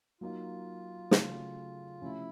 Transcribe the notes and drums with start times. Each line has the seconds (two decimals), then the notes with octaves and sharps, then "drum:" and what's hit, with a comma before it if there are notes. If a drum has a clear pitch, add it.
0.21 F#3 A#3 D#4 F4
1.11 C#3 F#3 A3, drum: snare
2.01 C3 F3 A3 C#4 E4